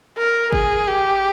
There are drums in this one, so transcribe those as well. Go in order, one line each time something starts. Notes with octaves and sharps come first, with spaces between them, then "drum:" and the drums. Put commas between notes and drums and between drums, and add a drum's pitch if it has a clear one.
A#4
G#4, drum: kick G1
G4